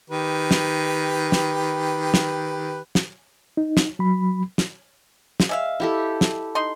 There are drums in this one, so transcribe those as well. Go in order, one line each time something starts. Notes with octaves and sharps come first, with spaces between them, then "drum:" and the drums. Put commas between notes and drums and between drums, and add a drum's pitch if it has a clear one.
D#3 G4 B4
drum: snare
drum: snare
drum: snare
drum: snare
D#4
drum: snare
F#3 B5
drum: snare
drum: snare
G#3 E5 F5
E4 G4 A4
drum: snare
D#4 C6